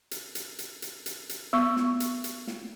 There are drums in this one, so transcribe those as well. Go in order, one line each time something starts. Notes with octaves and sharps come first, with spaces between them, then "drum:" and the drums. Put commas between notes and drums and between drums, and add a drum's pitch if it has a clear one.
drum: hi-hat
drum: hi-hat
drum: hi-hat
drum: hi-hat
drum: hi-hat
drum: hi-hat
B3 C#6
drum: snare
drum: hi-hat
drum: hi-hat
drum: snare